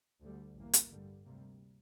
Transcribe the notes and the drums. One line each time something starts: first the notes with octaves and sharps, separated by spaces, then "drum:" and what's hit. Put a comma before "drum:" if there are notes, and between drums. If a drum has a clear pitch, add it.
D2 D3 G3
A1 G2 E3 A#3
drum: hi-hat
G2 D3 G3
D2 C3 G3 A#3